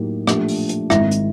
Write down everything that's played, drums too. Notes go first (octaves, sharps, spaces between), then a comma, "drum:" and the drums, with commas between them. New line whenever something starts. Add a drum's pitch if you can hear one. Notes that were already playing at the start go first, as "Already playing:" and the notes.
Already playing: A2 F#3 A#3 D#4 G4
A#2 F3 A3 D4 G4, drum: rim click
drum: open hi-hat
drum: hi-hat
G#1 G#2 D#3 G#3 C4 E4 E5, drum: rim click
drum: hi-hat